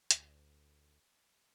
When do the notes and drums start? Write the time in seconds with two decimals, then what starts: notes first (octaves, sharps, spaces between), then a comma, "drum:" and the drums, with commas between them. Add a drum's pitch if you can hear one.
0.11 D2, drum: hi-hat